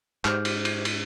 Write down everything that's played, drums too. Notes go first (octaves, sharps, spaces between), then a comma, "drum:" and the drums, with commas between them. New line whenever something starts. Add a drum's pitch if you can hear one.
G#2 G4 C5 D6 F6 G6, drum: clap
drum: cymbal
drum: cymbal
drum: cymbal